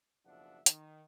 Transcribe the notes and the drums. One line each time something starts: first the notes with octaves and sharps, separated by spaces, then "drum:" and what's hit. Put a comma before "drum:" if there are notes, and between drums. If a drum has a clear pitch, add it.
F#1 B1 F3 D4 E5 F#5
D#3, drum: hi-hat